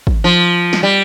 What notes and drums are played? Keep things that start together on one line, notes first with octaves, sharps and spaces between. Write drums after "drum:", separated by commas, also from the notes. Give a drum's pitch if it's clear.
drum: kick
F3
drum: snare
G3